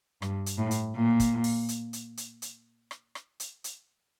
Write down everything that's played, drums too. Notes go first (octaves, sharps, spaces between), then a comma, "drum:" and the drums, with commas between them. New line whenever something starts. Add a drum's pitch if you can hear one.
G2, drum: rim click
drum: hi-hat
A2
drum: hi-hat
A#2
drum: kick, hi-hat
drum: open hi-hat
drum: hi-hat
drum: hi-hat
drum: hi-hat
drum: hi-hat
drum: rim click
drum: rim click
drum: hi-hat
drum: hi-hat